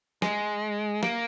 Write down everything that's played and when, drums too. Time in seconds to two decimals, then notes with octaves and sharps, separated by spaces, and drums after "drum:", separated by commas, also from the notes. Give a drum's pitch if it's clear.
0.22 G#3, drum: snare
1.03 A#3, drum: snare